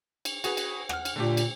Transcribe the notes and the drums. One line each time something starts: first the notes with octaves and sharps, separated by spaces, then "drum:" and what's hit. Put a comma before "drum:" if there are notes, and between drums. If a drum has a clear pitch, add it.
drum: cymbal
F#4 G#4 B4, drum: cymbal
drum: cymbal
F#5 F6, drum: rim click
drum: cymbal
A#2 D3 A3 G4
drum: cymbal